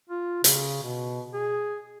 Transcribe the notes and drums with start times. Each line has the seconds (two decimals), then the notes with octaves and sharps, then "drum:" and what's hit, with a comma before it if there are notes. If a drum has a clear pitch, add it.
0.09 F4
0.44 C#3, drum: hi-hat
0.83 B2
1.34 G#4